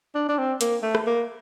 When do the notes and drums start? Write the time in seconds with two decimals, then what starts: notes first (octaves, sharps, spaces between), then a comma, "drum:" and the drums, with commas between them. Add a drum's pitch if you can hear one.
0.15 D4
0.29 D4
0.39 C4
0.61 A#3, drum: hi-hat
0.83 A3
0.95 drum: rim click
1.07 A#3